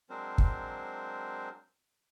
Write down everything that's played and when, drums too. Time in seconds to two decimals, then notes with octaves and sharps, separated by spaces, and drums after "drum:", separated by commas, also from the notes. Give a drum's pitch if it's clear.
0.10 F#3 G#3 C4 D4 A#4 C5
0.38 drum: kick